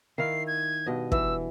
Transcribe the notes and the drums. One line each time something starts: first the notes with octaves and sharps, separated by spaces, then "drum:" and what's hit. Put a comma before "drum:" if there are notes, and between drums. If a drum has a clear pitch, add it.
D#3 E4 F5 C7
G#6
G2 B2 D#5
E3 E6, drum: kick